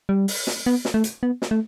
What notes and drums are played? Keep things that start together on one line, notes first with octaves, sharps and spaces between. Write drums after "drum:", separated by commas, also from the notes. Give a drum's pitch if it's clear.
G3
drum: open hi-hat
drum: snare
B3
drum: snare
A3
drum: hi-hat
B3
drum: snare
A3